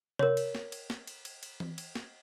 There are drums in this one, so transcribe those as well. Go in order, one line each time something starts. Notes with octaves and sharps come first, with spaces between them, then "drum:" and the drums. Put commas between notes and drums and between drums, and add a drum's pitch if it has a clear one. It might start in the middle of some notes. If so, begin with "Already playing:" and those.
A#4 C#5, drum: tom C3
drum: cymbal
drum: snare
drum: cymbal
drum: snare
drum: cymbal
drum: cymbal
drum: cymbal
drum: tom E3
drum: cymbal
drum: snare